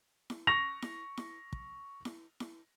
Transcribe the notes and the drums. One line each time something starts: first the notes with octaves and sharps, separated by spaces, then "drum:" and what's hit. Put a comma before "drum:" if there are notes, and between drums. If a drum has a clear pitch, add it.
drum: snare E4
C#6 A#6 F7
drum: snare E4
drum: snare E4
drum: kick
drum: snare E4
drum: snare E4